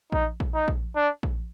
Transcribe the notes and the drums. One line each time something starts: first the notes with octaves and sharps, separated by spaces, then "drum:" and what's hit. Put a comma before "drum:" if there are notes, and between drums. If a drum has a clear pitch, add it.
D#4, drum: kick A#1
drum: kick A#1
D#4
drum: kick A#1
D4
drum: kick A#1